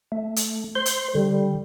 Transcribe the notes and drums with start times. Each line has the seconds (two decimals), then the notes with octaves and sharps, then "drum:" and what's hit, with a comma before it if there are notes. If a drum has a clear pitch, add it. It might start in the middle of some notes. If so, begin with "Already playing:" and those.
0.12 A3
0.36 drum: hi-hat
0.75 C5 C6
0.86 drum: hi-hat
1.15 D3 G3